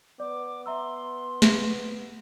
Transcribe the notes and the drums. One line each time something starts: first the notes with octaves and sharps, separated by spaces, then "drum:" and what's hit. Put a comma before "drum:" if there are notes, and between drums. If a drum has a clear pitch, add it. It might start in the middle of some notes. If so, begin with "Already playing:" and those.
B3 D5 D6
E5 A#5 C6 E6
drum: snare